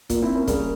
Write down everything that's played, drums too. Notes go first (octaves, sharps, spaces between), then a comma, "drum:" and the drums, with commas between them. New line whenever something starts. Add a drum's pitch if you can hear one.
A#2, drum: kick, hi-hat
C4 E4
A#3 C#4
C#3 G3 A#3, drum: kick, hi-hat